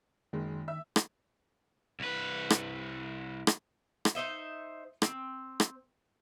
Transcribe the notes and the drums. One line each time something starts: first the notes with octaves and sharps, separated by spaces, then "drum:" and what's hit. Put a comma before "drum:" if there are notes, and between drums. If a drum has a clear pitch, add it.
F#1 D#3 G#3
E5 E6
drum: rim click
C2 B4
drum: rim click
drum: rim click
drum: rim click
D#4 C5 D#5 E5
C4, drum: rim click
drum: rim click